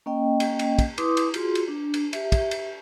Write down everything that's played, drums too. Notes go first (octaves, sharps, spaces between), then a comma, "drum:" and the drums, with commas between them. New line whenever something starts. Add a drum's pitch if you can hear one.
A#3 C#4 D#5 G5
drum: cymbal
drum: cymbal
drum: kick, cymbal
E4 B4 C6 D6 D#6, drum: cymbal
drum: cymbal
F4 F#4 G#4 C6, drum: cymbal
drum: cymbal
D4
drum: cymbal
G4 E5, drum: cymbal
drum: kick, cymbal
drum: cymbal